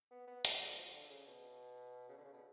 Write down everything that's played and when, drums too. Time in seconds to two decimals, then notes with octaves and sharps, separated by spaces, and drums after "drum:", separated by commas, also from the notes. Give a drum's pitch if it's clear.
0.11 B3
0.28 B3
0.45 A3, drum: hi-hat
0.61 F#3
0.71 D3
0.77 F3
0.93 D3
1.10 C#3
1.26 B2
2.09 C#3
2.17 D3
2.25 C#3
2.33 B2